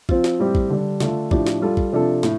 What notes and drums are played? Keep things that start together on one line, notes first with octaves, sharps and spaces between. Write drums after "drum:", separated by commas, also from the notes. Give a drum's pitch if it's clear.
F3 C4 F4, drum: kick
drum: snare
A2 G3 C4 G4
drum: kick
D3 G3 D4
D3 A3 D4 F4, drum: snare
A2 F3 D4 G4, drum: kick
drum: snare
G3 F4 A4
drum: kick
C3 F3 D4 F4 A4
A2, drum: snare